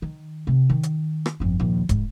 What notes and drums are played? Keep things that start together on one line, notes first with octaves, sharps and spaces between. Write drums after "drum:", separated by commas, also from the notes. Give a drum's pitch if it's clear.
D#3
C3 C4
D#3
drum: hi-hat
drum: rim click
G1 F2
A#1 D#2
G#2, drum: kick, hi-hat